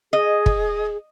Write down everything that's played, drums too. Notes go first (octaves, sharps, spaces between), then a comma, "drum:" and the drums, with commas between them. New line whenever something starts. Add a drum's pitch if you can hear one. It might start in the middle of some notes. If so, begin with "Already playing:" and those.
G#4 D#5
drum: kick